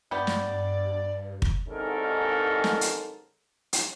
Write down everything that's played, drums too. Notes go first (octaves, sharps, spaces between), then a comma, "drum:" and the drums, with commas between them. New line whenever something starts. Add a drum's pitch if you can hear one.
G2 B3 G4 D5
drum: snare
drum: kick
C2 G#2 D#3 C#4 A4 A#4
drum: snare
drum: hi-hat
drum: hi-hat